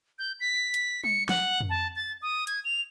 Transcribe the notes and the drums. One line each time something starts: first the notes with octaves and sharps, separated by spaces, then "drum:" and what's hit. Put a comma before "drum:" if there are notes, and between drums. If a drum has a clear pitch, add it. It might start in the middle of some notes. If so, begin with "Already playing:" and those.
G6
B6
drum: hi-hat
C#7, drum: tom G3
F#5, drum: snare
drum: tom F2
A5
A6
D#6
G#6, drum: hi-hat
F7